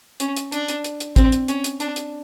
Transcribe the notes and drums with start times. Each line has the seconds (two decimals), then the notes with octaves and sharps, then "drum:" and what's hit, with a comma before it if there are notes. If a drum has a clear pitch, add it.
0.20 C#4, drum: hi-hat
0.37 drum: hi-hat
0.52 D4, drum: hi-hat
0.68 drum: hi-hat
0.84 drum: hi-hat
1.00 drum: hi-hat
1.16 C4, drum: kick, hi-hat
1.32 drum: hi-hat
1.48 C#4, drum: hi-hat
1.64 drum: hi-hat
1.80 D4, drum: hi-hat
1.96 drum: hi-hat